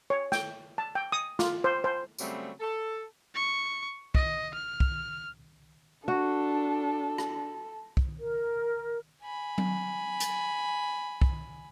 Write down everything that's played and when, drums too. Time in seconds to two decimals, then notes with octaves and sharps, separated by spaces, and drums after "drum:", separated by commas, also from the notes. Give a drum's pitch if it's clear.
0.10 C#5
0.32 G5, drum: snare
0.78 A5
0.95 G5
1.12 D#6
1.39 F4, drum: snare
1.64 C5
1.84 C5
2.18 C#3 F#3 G3 A3 C4, drum: tambourine
2.59 A4
3.35 C#6
4.15 D#5, drum: kick
4.54 F6
4.80 drum: kick
6.08 D4 F#4 A4
7.18 drum: rim click
7.97 drum: kick
8.19 A#4
9.22 G#5 B5
9.58 drum: tom F#3
10.20 drum: hi-hat
11.22 drum: kick